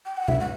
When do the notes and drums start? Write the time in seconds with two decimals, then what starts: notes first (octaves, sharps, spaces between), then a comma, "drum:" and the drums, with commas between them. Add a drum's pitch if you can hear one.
0.06 G5
0.17 F#5
0.28 E5, drum: tom B2
0.40 F#5